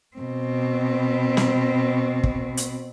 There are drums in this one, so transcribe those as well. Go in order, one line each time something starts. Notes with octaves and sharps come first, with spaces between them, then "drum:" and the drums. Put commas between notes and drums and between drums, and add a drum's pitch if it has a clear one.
B2 C4
drum: snare
drum: kick
drum: hi-hat